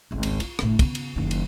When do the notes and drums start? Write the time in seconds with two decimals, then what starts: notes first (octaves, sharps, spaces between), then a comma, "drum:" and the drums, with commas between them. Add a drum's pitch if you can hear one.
0.11 G#1 C#2
0.23 drum: cymbal
0.40 F4, drum: cymbal
0.59 G1 A2, drum: rim click
0.79 C#3 B3, drum: kick, cymbal
0.95 drum: cymbal
1.16 F#1 D#3
1.31 drum: cymbal